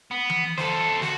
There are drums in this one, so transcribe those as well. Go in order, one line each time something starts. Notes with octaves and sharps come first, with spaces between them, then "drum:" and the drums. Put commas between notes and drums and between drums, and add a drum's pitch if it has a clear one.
B3
drum: tom E3
A4 C5, drum: snare
F#4, drum: snare